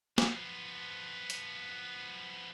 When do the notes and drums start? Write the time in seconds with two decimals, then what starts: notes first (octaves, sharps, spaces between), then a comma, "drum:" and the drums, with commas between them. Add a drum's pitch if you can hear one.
0.18 F3 B3, drum: snare
1.30 drum: hi-hat